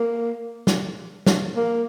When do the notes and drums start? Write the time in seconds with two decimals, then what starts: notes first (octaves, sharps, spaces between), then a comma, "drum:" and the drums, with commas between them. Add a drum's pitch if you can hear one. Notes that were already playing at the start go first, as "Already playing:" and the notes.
Already playing: A#3
0.67 drum: snare
1.26 drum: snare
1.56 A#3